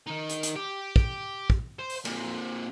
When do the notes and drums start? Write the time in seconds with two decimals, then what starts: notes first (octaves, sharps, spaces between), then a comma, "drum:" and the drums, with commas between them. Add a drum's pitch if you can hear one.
0.07 D#3 D#4
0.30 drum: hi-hat
0.43 drum: hi-hat
0.55 G4
0.96 drum: kick
1.50 drum: kick
1.79 C5
1.90 drum: open hi-hat
2.05 A#2 C4, drum: cymbal